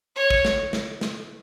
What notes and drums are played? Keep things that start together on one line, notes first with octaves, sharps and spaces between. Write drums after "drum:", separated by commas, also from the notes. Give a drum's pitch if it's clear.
C#5
drum: kick
drum: snare
drum: snare
drum: snare